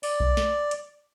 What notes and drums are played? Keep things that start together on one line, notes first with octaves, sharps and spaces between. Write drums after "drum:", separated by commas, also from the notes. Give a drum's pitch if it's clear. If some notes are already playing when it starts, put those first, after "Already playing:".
D5, drum: open hi-hat
drum: kick B1
drum: snare
drum: hi-hat